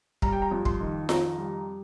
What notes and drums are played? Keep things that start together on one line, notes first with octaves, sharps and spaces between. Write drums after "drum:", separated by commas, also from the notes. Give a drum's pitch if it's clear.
G3 A#5, drum: kick
G5
A#5
F2
C6, drum: kick
D#3
F2 A#5, drum: snare F4
G3